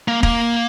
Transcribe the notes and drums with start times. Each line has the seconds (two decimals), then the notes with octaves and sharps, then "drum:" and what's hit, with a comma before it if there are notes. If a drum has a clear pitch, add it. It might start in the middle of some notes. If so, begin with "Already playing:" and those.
0.08 A#3
0.23 A#3, drum: kick